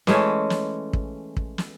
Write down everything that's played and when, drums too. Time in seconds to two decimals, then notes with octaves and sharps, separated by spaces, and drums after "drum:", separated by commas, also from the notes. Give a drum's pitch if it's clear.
0.07 E3 G#3 A3 C#4, drum: snare
0.50 drum: snare
0.93 drum: kick
1.37 drum: kick
1.58 drum: snare